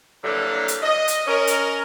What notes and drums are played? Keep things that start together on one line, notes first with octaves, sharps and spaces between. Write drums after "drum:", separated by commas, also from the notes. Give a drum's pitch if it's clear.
D3 E3 F#3 G3 A#3 D4
drum: hi-hat
D#5
drum: hi-hat
C#4 A#4
drum: hi-hat